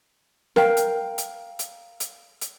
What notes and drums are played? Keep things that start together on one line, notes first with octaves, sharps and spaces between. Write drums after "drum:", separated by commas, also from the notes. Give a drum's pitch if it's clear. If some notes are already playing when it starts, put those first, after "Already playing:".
A#4 F5 G5, drum: snare
drum: hi-hat
drum: hi-hat
drum: hi-hat
drum: hi-hat
drum: hi-hat